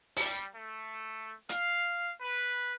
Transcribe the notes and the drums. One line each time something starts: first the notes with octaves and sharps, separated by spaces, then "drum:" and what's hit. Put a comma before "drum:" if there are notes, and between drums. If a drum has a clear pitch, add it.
G3, drum: open hi-hat
A3
F5, drum: hi-hat
B4